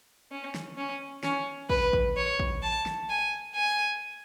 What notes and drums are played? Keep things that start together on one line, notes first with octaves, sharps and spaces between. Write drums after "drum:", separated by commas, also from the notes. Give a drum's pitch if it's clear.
C#4
drum: snare
C#4
C#4, drum: snare
B4, drum: kick
drum: kick
C#5
drum: kick
A5
drum: snare
G#5
G#5